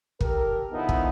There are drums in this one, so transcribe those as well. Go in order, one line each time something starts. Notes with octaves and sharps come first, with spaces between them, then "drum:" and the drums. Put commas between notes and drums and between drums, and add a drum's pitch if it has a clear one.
G4 A4 A#4, drum: kick
D3 F3 B3 D#4 E4
drum: kick